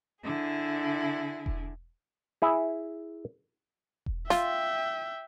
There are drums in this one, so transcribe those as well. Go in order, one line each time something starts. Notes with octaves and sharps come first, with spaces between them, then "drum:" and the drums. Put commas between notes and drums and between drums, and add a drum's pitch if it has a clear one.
D3 E4 G#4
drum: kick E1
E4 G#4
drum: kick E1
F4 E5 G5, drum: snare